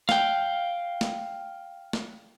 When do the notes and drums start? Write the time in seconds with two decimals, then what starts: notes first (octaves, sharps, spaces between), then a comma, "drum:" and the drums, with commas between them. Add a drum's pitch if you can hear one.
0.09 F5 G5, drum: snare
1.01 drum: snare
1.93 drum: snare